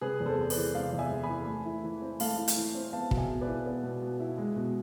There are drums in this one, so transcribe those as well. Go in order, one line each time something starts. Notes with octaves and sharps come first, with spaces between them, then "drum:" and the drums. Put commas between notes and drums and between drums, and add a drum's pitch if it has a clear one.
C3 G#4 B4
E2
A4 C5
E2
B4 D5, drum: open hi-hat
E3
C3 D5 F5
E2
E5 G#5
E2
G#5 B5
E3
A3
E4
E3
C4
A3 F5 A5, drum: open hi-hat
E4
drum: hi-hat
E3
C4
B3 F5 A5
B2, drum: kick
E5 G#5
B2
B4 D5
E4
B3
B2
B2
E4
G#3
B2